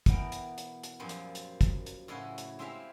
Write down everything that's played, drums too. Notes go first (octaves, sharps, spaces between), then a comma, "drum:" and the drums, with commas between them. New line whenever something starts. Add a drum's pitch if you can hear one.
B2 E3 B3 A#4 G5, drum: kick, hi-hat
drum: hi-hat
drum: hi-hat
drum: hi-hat
F#2 A#2 F3 G3
drum: hi-hat
drum: hi-hat
drum: kick, hi-hat
drum: hi-hat
A2 C#3 E4 F#4 G#5 C6
drum: hi-hat
G#3 C4 E4 G4 E5 F5